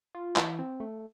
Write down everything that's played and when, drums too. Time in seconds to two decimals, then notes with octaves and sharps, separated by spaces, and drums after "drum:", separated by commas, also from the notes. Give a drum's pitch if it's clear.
0.15 F4
0.36 E3, drum: clap
0.59 C4
0.80 A3